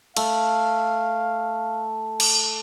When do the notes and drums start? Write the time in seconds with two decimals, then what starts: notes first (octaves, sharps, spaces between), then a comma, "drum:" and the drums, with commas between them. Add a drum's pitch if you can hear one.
0.17 A3 F5, drum: cymbal
2.20 drum: cymbal